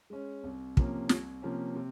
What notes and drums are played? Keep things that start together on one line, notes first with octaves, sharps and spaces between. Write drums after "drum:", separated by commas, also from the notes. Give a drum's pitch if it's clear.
G#3 C#4
C2
C3 F3 A#3 C#4, drum: kick
C2, drum: snare
C3 F3 A#3 C#4
C3